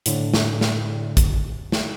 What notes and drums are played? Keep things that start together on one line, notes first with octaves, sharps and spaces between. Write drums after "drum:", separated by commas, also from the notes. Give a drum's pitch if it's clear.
A2 D3, drum: hi-hat
drum: snare
drum: snare
drum: kick A1, hi-hat
drum: snare